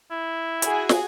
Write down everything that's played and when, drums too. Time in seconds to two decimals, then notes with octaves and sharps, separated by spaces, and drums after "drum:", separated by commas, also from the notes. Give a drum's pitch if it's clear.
0.11 E4
0.62 F#4 G#4 G#5, drum: hi-hat
0.89 drum: snare